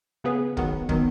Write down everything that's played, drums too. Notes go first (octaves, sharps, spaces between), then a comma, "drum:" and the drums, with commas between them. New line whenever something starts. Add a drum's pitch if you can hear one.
C#3 B3 G#4 B4
D#3 F#3 B3, drum: kick
D#3 F#3 B3, drum: kick